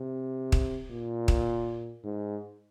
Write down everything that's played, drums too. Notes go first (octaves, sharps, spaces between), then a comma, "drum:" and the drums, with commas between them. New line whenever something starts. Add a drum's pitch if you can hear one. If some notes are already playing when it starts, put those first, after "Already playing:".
Already playing: C3
drum: kick
A#2
drum: kick
G#2